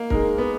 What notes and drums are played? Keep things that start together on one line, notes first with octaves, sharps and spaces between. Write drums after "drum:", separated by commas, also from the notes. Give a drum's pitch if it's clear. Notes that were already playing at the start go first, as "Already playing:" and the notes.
Already playing: A#3
G#3 D#4 A#4, drum: kick
B3